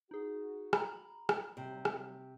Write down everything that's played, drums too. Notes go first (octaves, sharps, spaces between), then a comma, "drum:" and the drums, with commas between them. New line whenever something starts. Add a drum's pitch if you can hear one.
D#4 F#4 G#4
A#5 B5, drum: rim click
drum: rim click
D#2 C3 F#3 G3
drum: rim click